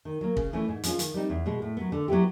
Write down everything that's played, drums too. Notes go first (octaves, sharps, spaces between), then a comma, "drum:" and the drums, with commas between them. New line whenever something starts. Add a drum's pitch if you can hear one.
D#3
F#3 A#3
C#3, drum: kick
E3 A3 C#4
G#2
F3 G#3 C#4 F4, drum: hi-hat
D#3, drum: hi-hat
G3 C4 D#4
E2
B2 G#3
A2
F#3 B3
D3
F#3 B3 E4 G4